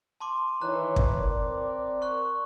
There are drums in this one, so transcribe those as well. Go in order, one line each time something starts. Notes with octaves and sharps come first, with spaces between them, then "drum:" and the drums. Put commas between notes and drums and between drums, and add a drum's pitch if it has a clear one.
A5 C6 D6
D#3 E3 C#5 A#5 F#6
drum: kick
C4 A#4 D5
C#6 F#6